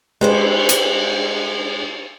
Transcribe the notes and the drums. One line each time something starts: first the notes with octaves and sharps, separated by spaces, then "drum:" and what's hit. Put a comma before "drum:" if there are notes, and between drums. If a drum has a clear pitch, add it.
G#3 G4 B4 C5, drum: cymbal
drum: hi-hat